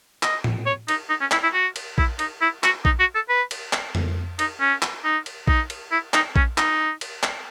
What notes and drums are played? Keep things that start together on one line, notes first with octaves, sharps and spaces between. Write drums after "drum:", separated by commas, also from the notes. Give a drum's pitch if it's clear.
D#5, drum: clap
drum: tom A2
C#5
D#4, drum: cymbal
D#4
C#4
E4, drum: clap
E4
F#4
drum: cymbal
E4, drum: kick A#1
D#4, drum: cymbal
E4
F#4, drum: clap
D#4, drum: kick A#1
F#4
A4
B4
drum: cymbal
drum: clap
drum: tom
D#4, drum: cymbal
C#4
drum: clap
D#4
drum: cymbal
D#4, drum: kick A#1
drum: cymbal
E4
D#4, drum: clap
C#4, drum: kick A#1
D#4, drum: clap
drum: cymbal
drum: clap